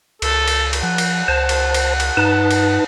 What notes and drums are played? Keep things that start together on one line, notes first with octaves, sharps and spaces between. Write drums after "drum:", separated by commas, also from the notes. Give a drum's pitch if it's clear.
C#2 A4, drum: cymbal
drum: cymbal
drum: cymbal
F3 F#5
drum: cymbal
C#2 C5 A5
drum: cymbal
drum: cymbal
drum: cymbal
G2 D#4 B4 A5
drum: cymbal